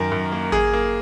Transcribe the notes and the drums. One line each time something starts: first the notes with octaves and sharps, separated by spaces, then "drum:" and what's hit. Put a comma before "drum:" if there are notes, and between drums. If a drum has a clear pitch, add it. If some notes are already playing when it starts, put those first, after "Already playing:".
Already playing: F#2 D#3 A#4
F#2
A#3
A#3 G#4, drum: kick G#1
A#3